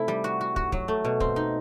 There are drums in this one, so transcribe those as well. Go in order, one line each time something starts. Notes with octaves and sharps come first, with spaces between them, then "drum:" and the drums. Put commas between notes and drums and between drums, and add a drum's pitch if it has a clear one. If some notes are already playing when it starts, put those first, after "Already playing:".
Already playing: C3 A3 E4
G3
F#4
F#4
F#4, drum: kick
F#3, drum: kick
A3
B2
C4, drum: kick
D#4